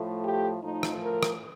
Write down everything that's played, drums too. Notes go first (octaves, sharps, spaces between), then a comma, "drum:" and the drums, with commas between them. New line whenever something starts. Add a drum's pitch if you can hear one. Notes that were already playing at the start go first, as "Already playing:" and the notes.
Already playing: A2 F3 A3
G4
A2 F3 A3 D#4
drum: rim click
A#4
drum: rim click